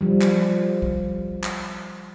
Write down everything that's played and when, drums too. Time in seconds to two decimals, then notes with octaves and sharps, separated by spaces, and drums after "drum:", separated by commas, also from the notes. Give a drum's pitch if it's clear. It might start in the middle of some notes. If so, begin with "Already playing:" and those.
0.01 F3 G3
0.21 drum: clap
0.82 drum: kick
1.43 drum: clap